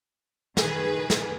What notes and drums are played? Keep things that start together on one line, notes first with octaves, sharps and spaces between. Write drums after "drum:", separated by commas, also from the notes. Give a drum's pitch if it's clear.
D#3 G#4 B4, drum: snare
drum: snare